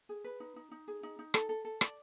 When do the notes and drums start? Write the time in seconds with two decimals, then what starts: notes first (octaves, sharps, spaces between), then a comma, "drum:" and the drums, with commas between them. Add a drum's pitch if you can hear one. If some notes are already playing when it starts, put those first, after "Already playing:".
0.09 G#4
0.24 B4
0.40 D#4
0.56 D#4
0.71 D#4
0.88 G#4
1.03 D#4
1.19 D#4
1.34 A4, drum: rim click
1.49 A4
1.65 A4
1.81 D5, drum: rim click